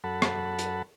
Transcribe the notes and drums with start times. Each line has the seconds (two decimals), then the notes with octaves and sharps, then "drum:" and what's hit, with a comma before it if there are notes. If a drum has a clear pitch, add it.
0.04 F#2 A4 F#5 A5 B5
0.22 drum: rim click
0.59 drum: hi-hat